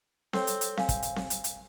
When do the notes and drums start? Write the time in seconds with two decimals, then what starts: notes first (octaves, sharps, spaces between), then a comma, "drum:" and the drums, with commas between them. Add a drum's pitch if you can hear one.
0.33 C4 A4 C#5, drum: snare C4
0.47 drum: hi-hat
0.61 drum: hi-hat
0.77 F5 G#5, drum: snare C4
0.89 drum: kick, hi-hat
1.02 drum: hi-hat
1.16 drum: snare C4
1.30 drum: hi-hat
1.44 drum: hi-hat